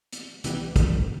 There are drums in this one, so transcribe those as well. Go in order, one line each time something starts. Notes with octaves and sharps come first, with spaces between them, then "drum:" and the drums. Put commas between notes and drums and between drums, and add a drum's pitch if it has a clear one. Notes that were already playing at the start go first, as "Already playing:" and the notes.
drum: hi-hat
C2 C3 E3 G3 B3, drum: hi-hat
drum: kick, hi-hat